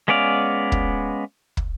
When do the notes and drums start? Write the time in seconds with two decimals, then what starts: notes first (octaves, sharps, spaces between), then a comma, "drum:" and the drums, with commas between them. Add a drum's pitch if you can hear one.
0.08 G#3 B3 C#4 D5 F5
0.72 drum: kick
1.57 drum: kick